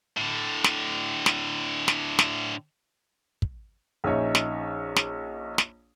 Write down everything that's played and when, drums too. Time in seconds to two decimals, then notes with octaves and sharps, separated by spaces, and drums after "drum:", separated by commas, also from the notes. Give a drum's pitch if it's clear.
0.17 A2 D3
0.64 drum: snare
1.26 drum: snare
1.88 drum: snare
2.19 drum: snare
3.42 drum: kick
4.04 A#1 C#4 D#4 C#5 E5
4.35 drum: snare
4.96 drum: snare
5.58 drum: snare